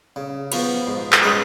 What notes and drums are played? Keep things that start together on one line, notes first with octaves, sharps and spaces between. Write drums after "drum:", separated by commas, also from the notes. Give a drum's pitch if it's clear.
C#3
F3 B3 F#4 B4, drum: cymbal
G#2
drum: clap
G#3 C#4 G#4 B4